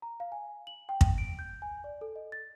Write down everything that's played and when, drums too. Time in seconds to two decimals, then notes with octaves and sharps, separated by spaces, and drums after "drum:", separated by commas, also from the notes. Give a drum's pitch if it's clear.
0.02 A#5
0.20 F5
0.32 G#5
0.67 F#7
0.89 G5
1.01 drum: kick
1.18 D7
1.39 G6
1.62 G#5
1.84 D5
2.01 A4
2.16 D#5
2.32 A6